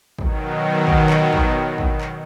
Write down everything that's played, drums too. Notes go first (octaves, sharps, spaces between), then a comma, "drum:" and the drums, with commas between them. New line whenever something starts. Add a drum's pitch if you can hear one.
B2 D#3 F#3, drum: kick
drum: kick
drum: clap
drum: kick
drum: kick
drum: clap